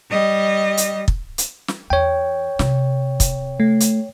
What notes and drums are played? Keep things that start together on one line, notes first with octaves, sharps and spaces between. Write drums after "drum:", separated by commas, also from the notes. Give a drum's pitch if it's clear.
G3 D#5
drum: hi-hat
drum: kick
drum: hi-hat
drum: snare
E2 C#5 G5
C3, drum: snare
drum: kick, hi-hat
A3
drum: hi-hat